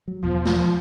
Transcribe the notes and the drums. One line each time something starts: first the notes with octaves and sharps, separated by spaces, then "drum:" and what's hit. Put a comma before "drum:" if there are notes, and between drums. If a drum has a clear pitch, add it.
F#3
E1 E2 B2 F3
drum: snare